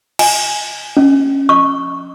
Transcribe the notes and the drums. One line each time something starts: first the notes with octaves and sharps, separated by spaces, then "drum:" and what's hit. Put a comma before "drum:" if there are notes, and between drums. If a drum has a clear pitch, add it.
G#5, drum: cymbal
C#4
C#6